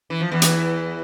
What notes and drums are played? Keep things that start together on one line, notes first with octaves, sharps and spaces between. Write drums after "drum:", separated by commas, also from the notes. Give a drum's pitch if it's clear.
E3
F3
E2 E3
drum: hi-hat